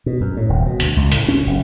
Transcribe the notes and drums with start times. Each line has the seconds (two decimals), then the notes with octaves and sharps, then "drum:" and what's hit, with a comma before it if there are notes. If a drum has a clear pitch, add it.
0.06 B2
0.21 F#2
0.37 A2
0.49 D#1
0.66 B2
0.80 D2, drum: hi-hat
0.97 C#2
1.12 A2, drum: hi-hat
1.28 C#4
1.47 F#1